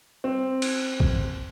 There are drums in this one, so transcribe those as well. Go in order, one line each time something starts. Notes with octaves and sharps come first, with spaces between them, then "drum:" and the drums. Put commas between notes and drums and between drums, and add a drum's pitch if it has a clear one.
C4
drum: cymbal
drum: kick A#1